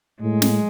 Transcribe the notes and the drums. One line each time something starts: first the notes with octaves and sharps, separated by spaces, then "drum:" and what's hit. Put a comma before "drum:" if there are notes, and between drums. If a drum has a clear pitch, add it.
A2 G#3
drum: snare